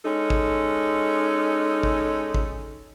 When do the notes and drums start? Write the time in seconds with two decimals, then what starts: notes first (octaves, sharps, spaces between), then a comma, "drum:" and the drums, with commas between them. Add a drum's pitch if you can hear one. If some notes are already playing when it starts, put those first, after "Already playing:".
0.05 G#3 C#4 D#4 A4
0.30 drum: kick
1.83 drum: kick
2.34 drum: kick